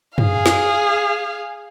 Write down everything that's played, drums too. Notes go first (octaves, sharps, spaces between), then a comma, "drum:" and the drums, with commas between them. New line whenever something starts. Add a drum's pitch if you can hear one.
G#4 F5, drum: tom
drum: snare